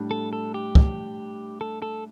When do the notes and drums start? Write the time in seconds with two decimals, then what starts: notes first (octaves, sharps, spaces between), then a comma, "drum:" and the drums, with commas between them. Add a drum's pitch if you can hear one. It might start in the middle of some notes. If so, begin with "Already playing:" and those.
Already playing: A2 G3 D4
0.11 A4
0.33 A4
0.54 G4
0.75 drum: kick
1.61 A4
1.82 A4